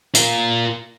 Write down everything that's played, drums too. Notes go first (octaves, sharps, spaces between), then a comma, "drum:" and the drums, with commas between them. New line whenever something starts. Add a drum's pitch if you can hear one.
F4 A#4, drum: hi-hat